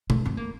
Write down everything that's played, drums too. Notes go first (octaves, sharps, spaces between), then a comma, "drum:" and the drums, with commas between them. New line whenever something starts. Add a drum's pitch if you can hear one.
A3, drum: tom
C4
A#3